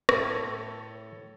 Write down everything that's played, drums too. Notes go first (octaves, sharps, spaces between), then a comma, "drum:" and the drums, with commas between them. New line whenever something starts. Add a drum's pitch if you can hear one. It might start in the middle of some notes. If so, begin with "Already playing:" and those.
A2 E4 A4 C#5, drum: rim click